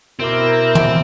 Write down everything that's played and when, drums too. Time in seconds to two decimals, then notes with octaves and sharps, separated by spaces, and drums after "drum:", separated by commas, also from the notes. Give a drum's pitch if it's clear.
0.20 B2 C4 E4 A#4 D6
0.75 drum: tom